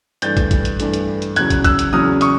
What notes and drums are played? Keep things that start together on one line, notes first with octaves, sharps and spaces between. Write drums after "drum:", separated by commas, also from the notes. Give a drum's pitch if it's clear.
G2 E3 A3 D4 G6 A6, drum: hi-hat
drum: kick, hi-hat
drum: kick, hi-hat
drum: hi-hat
G2 E3 A3 D4, drum: hi-hat
drum: hi-hat
drum: hi-hat
E2 C#3 F#3 F#6 G#6, drum: hi-hat
drum: kick, hi-hat
E6 F#6, drum: kick, hi-hat
drum: hi-hat
E2 C#3 F#3 D#6 F6
C#6 D#6, drum: hi-hat